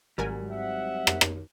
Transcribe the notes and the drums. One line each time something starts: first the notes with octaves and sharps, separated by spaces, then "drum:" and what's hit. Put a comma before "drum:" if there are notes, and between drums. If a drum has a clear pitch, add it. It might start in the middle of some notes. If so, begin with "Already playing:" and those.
G#1 G#2 F#3 G3 A#4 G#5
C4 E5 F#5
drum: rim click
drum: rim click